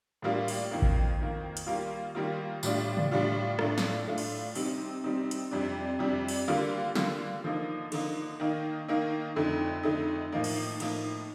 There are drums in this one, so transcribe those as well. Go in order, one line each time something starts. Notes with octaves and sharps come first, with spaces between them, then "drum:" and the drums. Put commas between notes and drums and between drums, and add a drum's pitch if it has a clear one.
A2 G3 A#3 D4 F4
drum: open hi-hat
F2 D#3 A#3
drum: kick A1
F2 D#3 A#3
drum: hi-hat
D#3 G3 A#3 F4
D#3 G3 A#3 F4
A2 G3 D4 F4, drum: tambourine
drum: tom
A2 G3 D4 F4
A2 A3 D4 F4, drum: rim click
drum: snare
A2 A3 D4 F4
drum: cymbal
C3 G3 C4 D#4, drum: open hi-hat
C3 G3 C4 D#4
drum: hi-hat
F2 C3 G3 D4
F2 C3 G3 D4
drum: open hi-hat
D3 G3 A#3 F4
D3 G3 A#3 F4, drum: snare
D3 F3 A#3 D#4
D3 F3 A#3 D#4, drum: cymbal
D#3 A#3 D#4
D#3 A#3 D#4
F2 D3 A3 D#4
F2 D3 A3 D#4
A2 F3 A#3 D#4
drum: cymbal
A2 F3 A#3 D#4, drum: cymbal